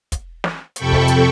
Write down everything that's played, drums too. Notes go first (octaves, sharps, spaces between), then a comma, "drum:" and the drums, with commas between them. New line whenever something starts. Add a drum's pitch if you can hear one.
drum: kick, hi-hat
drum: snare
F2 C3 A4 G5 B5 C#6, drum: hi-hat
drum: kick
drum: hi-hat